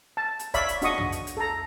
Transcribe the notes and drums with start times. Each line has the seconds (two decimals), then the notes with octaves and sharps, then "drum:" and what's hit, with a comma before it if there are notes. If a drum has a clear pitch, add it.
0.17 A5
0.39 drum: hi-hat
0.54 C#5 D5 E5 F5 B5, drum: kick, hi-hat
0.69 drum: hi-hat
0.82 D4 F#4 D#5 C#6 D#6, drum: hi-hat
0.98 drum: tom
1.12 drum: hi-hat
1.27 drum: hi-hat
1.37 A4 A#5